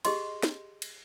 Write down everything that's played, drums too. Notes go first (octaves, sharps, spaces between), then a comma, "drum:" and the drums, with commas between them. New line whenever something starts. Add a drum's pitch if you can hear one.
G4 G#4 D#5 C6, drum: cymbal
drum: snare
drum: cymbal